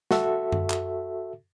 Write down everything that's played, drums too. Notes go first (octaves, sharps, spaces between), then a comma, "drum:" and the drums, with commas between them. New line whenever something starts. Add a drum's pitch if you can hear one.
F#4 A4 E5, drum: snare
drum: tom F#2
drum: clap